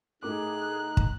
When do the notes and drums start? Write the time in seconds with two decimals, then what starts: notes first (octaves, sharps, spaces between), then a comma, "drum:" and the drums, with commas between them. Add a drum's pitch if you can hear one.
0.23 A2 D#4 G#4 A#4 D6 F#6
0.97 drum: kick